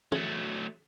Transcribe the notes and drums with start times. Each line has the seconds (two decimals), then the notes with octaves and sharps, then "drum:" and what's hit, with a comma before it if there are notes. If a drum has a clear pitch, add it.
0.12 F#3 A3, drum: tom